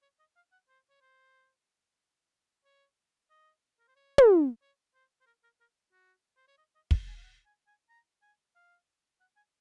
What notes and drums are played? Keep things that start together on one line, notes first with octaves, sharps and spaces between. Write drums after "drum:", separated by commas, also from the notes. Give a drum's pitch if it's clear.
C#5
D#5
F5
F#5
C5
C#5
C5
C#5
D#5
A#4
C5
C#5
drum: tom
C#5
C5
C5
A#4
A#4
A#4
F#4
C5
C#5
D#5
D#5
F5, drum: kick
G#5
F5
F#5
G#5
G#5
A#5
G#5
F5
F#5
G#5